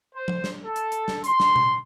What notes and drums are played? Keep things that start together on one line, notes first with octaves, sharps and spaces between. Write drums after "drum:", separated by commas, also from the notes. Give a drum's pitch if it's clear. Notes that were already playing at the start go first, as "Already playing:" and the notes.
C5
drum: tom F3
drum: snare
A4
drum: hi-hat
drum: hi-hat
drum: snare
C6, drum: hi-hat
drum: snare
drum: tom B2